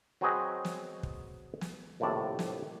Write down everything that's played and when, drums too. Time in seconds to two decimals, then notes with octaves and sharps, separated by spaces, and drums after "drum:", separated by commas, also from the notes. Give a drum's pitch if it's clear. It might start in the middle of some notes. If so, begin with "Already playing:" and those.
0.21 F#3 C4 F#4 G#4 B4 D#5
0.65 drum: snare
1.03 drum: kick
1.61 drum: snare
2.00 A#1 D#2 A2 C3 D5 A5
2.39 drum: snare